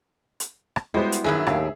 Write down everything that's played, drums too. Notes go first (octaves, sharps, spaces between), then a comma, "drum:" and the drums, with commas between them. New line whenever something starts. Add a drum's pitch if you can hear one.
drum: hi-hat
drum: rim click
G3 G#3 B3 E4 F#4 C5
drum: hi-hat
G2 D#3 F#3 G#4 E5
D#2 A2 G4 F5 G5, drum: rim click